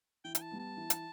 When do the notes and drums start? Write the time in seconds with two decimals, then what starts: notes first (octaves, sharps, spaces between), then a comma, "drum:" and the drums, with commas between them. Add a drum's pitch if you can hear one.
0.24 E3 G5
0.35 G5, drum: hi-hat
0.41 A5
0.51 G3 B3
0.59 A5
0.77 E3
0.90 drum: hi-hat